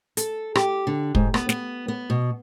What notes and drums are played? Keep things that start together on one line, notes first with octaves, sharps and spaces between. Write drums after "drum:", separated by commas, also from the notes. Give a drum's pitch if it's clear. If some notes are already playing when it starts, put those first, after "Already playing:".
A4, drum: hi-hat
G4, drum: rim click
D3
G#2, drum: kick
B3, drum: rim click
B3, drum: snare
B3
B2